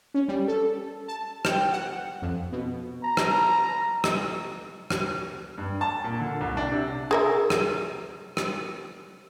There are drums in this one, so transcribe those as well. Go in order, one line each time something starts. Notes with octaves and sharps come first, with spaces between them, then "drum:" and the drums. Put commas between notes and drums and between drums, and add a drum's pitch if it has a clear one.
C#4
G3
A4
A5
G5, drum: rim click
F#5
F2
B2
A#5
drum: rim click
drum: rim click
drum: rim click
G2
A5
A#2
D3
C2
D4
C3
G#4 A#4 E5
drum: rim click
drum: rim click